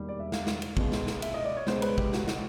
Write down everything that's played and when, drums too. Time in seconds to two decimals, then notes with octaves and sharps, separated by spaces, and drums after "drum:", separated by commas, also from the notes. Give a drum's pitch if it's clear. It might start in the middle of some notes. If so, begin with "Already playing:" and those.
Already playing: E1 D#2 D#3 G3
0.09 D5
0.20 E5
0.32 F5, drum: snare
0.47 drum: snare
0.62 drum: cymbal
0.77 C#2 B2 G#3, drum: kick
0.92 drum: snare
1.07 drum: snare
1.22 E5, drum: cymbal
1.34 D#5
1.45 D5
1.57 C#5
1.67 C#2 B2 G#3 C5, drum: snare
1.82 B4, drum: cymbal
1.98 G4, drum: kick
2.13 F#4, drum: snare
2.28 drum: snare